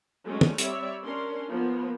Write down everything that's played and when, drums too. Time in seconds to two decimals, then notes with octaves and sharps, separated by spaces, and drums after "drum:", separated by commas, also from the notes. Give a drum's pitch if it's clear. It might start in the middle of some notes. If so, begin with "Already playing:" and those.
0.25 F#3 G#3 A3 C#4 D4
0.41 drum: tom
0.58 G3 C4 C#5 D5 E5, drum: hi-hat
1.04 C#4 D4 A#4 C6
1.49 F3 A#3 B3